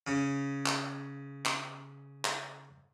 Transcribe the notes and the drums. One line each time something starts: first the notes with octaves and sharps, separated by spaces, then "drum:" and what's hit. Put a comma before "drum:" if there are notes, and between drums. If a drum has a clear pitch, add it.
C#3 C#4
drum: clap
drum: clap
drum: clap